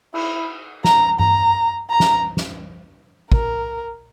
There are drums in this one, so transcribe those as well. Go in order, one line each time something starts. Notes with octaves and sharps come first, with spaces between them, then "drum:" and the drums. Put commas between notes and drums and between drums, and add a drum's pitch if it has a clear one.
E4, drum: cymbal
A#5, drum: snare
A#5, drum: tom G2
A#5
drum: snare
drum: snare
A#4, drum: kick